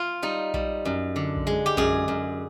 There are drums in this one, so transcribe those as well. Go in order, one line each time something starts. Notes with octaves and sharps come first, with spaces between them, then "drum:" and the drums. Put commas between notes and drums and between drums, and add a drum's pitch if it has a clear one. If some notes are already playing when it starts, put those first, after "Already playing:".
Already playing: F4
G3 D#4
G3, drum: kick A#1
F#2
D3
drum: kick A#1
G#3
G4
F#2 G#4, drum: kick A#1
F#2